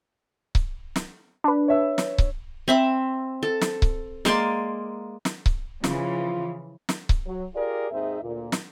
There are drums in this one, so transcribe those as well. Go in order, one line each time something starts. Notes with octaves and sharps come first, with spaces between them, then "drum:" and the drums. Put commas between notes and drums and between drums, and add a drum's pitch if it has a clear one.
drum: kick C#1
drum: snare
D4 B4
C#5 E5 E6
drum: snare
drum: kick C#1
C4 E5 B5
A4
drum: snare
drum: kick C#1
G#3 A#3 D5 C6, drum: snare
drum: snare
drum: kick C#1
C#3 E3 F3 F4, drum: snare
drum: snare
drum: kick C#1
F#3
F4 G4 G#4 A#4 D5
D#2 G#2 C4 D#4 G#4 E5
D2 A#2
drum: snare